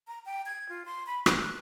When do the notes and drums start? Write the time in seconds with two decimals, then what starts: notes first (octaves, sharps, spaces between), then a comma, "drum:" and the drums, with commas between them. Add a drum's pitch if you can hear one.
0.08 A#5
0.26 G5
0.46 G#6
0.69 F4
0.86 C6
1.07 B5
1.26 F#6, drum: rim click
1.42 F#6